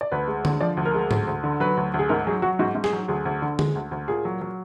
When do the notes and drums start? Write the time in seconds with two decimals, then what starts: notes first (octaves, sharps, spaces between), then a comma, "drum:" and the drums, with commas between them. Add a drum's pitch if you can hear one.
0.01 D5
0.12 D2 B4
0.28 G#3
0.45 D3, drum: tom D3
0.61 F3 D5
0.77 D2
0.85 A#4
0.94 G#3
1.11 D2, drum: tom G#2
1.27 D2
1.44 D3
1.60 F#3 B4
1.77 D2
1.94 D2
1.99 G#4
2.09 G#2 A#4
2.27 F#3 G#4
2.42 F#3 F#4
2.59 G#2 F#4
2.75 G#2
2.84 G#4, drum: snare
2.93 F#3
3.08 D2 G#4
3.25 D2
3.42 D3
3.59 G#3, drum: tom D3
3.75 D2
3.91 D2
4.08 A#2 G#4
4.25 F#3
4.41 F#3